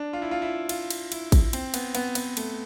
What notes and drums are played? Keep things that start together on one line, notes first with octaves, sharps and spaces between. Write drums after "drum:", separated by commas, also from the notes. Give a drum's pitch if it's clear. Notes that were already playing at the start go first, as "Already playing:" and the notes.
Already playing: D4
F4
E4
F4
E4
F4, drum: cymbal
drum: cymbal
E4, drum: cymbal
drum: kick A1, cymbal
C4, drum: cymbal
B3, drum: cymbal
B3, drum: cymbal
B3, drum: cymbal
A3, drum: cymbal